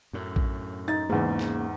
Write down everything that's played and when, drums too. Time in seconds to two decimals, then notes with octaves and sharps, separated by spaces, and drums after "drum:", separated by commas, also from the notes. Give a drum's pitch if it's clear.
0.13 F#2 A2
0.36 drum: kick A#1
0.88 D#4 A6
1.09 E2 G#2 C#3 A#3
1.39 drum: snare